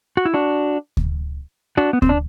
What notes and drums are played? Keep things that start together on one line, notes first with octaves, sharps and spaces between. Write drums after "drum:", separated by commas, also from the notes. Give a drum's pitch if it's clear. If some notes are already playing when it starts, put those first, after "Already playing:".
F#4
E4
D4 F#4
drum: kick D2
D4 F#4
B3
C4, drum: kick D2
D4